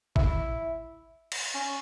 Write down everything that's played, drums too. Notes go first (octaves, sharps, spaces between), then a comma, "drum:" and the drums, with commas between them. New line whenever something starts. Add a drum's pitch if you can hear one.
E4, drum: kick G1
drum: cymbal
C#4